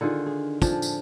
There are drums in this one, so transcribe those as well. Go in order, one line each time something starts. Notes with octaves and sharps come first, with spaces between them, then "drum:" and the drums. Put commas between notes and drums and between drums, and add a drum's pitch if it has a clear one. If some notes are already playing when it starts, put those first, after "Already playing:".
D3 D#3 F4 G#4
G#4
F3 D4 G#4, drum: kick, tambourine
drum: tambourine